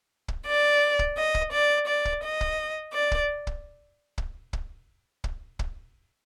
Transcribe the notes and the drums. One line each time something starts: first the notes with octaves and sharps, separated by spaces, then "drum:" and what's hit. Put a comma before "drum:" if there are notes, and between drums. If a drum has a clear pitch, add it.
drum: kick
D5
drum: kick
D#5
drum: kick
D5
D5
drum: kick
D#5
drum: kick
D5
drum: kick
drum: kick
drum: kick
drum: kick
drum: kick
drum: kick